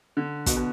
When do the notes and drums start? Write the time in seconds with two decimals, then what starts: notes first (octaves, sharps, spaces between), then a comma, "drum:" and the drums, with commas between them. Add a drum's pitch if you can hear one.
0.17 D3
0.46 B2, drum: kick, hi-hat
0.56 B2